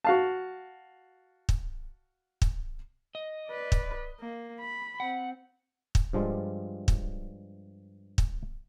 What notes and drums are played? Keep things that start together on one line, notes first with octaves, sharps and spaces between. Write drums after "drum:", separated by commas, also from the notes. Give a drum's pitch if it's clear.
F#4 F5 A5
drum: kick
drum: kick
D#5
B4 D5
drum: kick
A#3
B5
C4 F#5
drum: kick
G2 F3 G3 G#3 F4
drum: kick
drum: kick